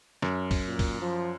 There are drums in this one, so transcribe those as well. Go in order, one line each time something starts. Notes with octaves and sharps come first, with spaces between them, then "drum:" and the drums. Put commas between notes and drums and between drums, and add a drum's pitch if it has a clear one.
F#2, drum: snare
drum: kick, open hi-hat
A#2
drum: kick, open hi-hat
F3